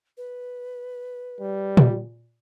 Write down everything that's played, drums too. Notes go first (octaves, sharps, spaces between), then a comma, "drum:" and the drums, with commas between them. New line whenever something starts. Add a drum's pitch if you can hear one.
B4
G3
drum: tom A#2